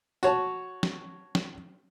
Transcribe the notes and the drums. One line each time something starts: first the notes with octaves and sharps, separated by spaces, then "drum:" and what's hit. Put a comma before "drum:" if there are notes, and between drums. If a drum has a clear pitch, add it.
F#4 C#5 A5, drum: tambourine
drum: snare
drum: snare